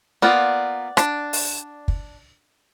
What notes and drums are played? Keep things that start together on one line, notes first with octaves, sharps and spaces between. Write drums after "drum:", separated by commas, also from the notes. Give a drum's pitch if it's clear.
A#3 B3 F4 D5 F#5
D4, drum: rim click
drum: open hi-hat
drum: kick